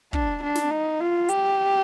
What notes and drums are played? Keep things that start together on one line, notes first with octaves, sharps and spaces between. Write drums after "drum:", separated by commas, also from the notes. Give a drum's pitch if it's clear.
D4, drum: kick
D4
drum: snare
D#4
F4
G4, drum: hi-hat